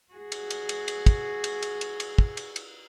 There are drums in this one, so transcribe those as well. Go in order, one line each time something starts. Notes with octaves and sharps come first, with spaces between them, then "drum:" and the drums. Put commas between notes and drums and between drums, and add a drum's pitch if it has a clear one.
F#4 G#4
drum: cymbal
drum: cymbal
drum: cymbal
drum: cymbal
drum: kick, cymbal
drum: cymbal
drum: cymbal
drum: cymbal
drum: cymbal
drum: kick
drum: cymbal
drum: cymbal